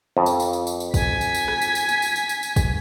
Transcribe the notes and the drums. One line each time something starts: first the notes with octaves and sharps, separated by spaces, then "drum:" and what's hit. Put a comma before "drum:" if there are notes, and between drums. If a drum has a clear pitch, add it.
F2
drum: tambourine
drum: tambourine
drum: tambourine
drum: tambourine
drum: tambourine
G#5 B6, drum: kick, tambourine
drum: tambourine
drum: tambourine
drum: rim click
drum: tambourine
drum: tambourine
drum: tambourine
drum: tambourine
drum: tambourine
drum: tambourine
drum: tambourine
drum: kick, tambourine